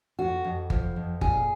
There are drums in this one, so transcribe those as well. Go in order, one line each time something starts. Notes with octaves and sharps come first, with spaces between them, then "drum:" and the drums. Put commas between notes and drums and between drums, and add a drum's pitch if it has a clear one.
F2 F#4
F2
F3, drum: kick G1
F2
A#2 G#4, drum: kick G1